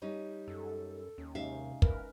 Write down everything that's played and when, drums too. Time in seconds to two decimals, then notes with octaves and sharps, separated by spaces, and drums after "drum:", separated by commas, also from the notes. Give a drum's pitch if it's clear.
0.02 G3 C#4 D#4
0.48 F#2 A4
1.18 D#2 C#4
1.35 C3 G#3 C#4 D#4 E5 F5
1.82 E1 A#4 B4, drum: kick